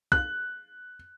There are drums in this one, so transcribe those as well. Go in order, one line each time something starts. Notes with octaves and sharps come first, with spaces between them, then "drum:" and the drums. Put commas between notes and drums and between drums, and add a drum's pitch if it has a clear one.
F#6, drum: kick C2